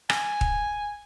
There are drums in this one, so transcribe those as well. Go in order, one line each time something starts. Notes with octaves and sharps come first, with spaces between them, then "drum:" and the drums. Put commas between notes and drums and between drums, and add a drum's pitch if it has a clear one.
G#5, drum: rim click
drum: kick D#1